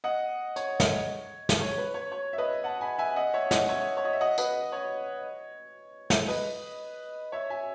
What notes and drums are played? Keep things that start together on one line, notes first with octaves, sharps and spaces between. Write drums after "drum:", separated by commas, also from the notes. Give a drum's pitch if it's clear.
D#5 F#5
C#5, drum: hi-hat
drum: snare
drum: snare
C#5
B4
C#5
C#5
E5
B4 D#5
F#5 A5
G#5 B5
E5 G#5
D#5 F#5
C#5 E5
D#5 F#5, drum: snare
C#5 E5
C#5
D#5
E5
D#5 F#5
B4 D#5, drum: tambourine
C#5
drum: snare
B4 D#5, drum: open hi-hat
C#5 E5
E5 G#5